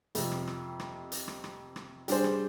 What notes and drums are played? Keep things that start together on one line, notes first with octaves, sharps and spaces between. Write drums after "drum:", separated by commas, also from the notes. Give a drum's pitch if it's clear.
F2 C3 F3, drum: hi-hat
drum: rim click
drum: rim click
drum: rim click
drum: hi-hat
drum: rim click
drum: rim click
drum: rim click
G3 D4 G#4 C5, drum: hi-hat
drum: rim click